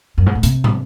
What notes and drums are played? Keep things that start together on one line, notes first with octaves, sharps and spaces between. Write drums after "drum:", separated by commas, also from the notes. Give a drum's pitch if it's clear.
F#2
G#2
A2
C3, drum: hi-hat
drum: tom